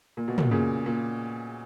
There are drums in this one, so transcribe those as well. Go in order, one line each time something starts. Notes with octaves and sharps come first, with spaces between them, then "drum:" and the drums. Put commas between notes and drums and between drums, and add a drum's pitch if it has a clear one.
A#2
B2
A#2, drum: tom
A#2 C#3
A#2